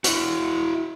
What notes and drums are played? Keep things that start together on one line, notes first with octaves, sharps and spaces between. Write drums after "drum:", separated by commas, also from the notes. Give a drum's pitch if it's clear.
E4 F#4, drum: hi-hat